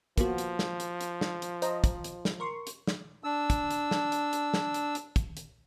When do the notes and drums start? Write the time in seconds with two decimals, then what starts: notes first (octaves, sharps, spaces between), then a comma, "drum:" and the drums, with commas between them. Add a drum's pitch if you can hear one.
0.18 F3 A#3 B3 F#4, drum: kick, hi-hat
0.38 drum: hi-hat
0.59 drum: snare
0.80 drum: hi-hat
1.01 drum: hi-hat
1.21 drum: snare
1.42 drum: hi-hat
1.62 C5 D#5 A#5, drum: hi-hat
1.84 drum: kick, hi-hat
2.04 drum: hi-hat
2.25 drum: snare
2.40 A#4 C6 C#6
2.67 drum: hi-hat
2.87 drum: snare
3.24 D4 E6
3.50 drum: kick, hi-hat
3.71 drum: hi-hat
3.91 drum: snare
4.12 drum: hi-hat
4.33 drum: hi-hat
4.54 drum: snare
4.74 drum: hi-hat
4.95 drum: hi-hat
5.16 drum: kick, hi-hat
5.37 drum: hi-hat